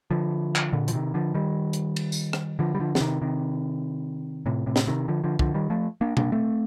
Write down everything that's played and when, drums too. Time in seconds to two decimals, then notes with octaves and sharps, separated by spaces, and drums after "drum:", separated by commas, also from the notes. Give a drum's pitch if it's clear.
0.11 D3 F3
0.56 drum: clap
0.73 A#2 D3
0.88 F3, drum: hi-hat
0.93 C3 D#3
1.14 D3 F3
1.34 D#3 G3
1.73 drum: hi-hat
1.96 drum: cymbal
2.12 drum: tambourine
2.33 drum: rim click
2.59 D3 F3
2.75 G3
2.80 D3 F3
2.95 F3, drum: snare
3.00 C3 D#3
3.22 C3 D#3
4.46 A2 C3
4.66 A2 C3
4.76 drum: snare
4.87 C3 D#3
5.08 D3 F3
5.24 D3 F3
5.39 D3 F3, drum: kick
5.54 D#3 G3
5.70 F3 A3
6.01 A#3 D4
6.17 A#3 D4, drum: tom B2
6.32 A3 C4